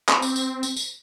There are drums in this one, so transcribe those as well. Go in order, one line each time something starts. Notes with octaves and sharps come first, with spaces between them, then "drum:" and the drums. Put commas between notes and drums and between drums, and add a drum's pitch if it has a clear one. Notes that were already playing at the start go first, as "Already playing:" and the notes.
C4, drum: clap
drum: tambourine
drum: tambourine
drum: tambourine
drum: tambourine